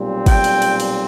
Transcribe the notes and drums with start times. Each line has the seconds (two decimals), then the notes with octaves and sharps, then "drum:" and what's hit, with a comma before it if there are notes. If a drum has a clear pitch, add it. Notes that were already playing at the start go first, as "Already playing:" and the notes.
Already playing: B1 A#2 G3 C4
0.26 G5, drum: kick, cymbal
0.44 drum: cymbal
0.62 drum: cymbal
0.80 drum: cymbal